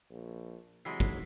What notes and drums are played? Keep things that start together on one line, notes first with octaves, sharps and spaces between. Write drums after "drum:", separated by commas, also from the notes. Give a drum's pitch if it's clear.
A#1
C3 E3 F#3 G#3 E6 B6 C7
drum: kick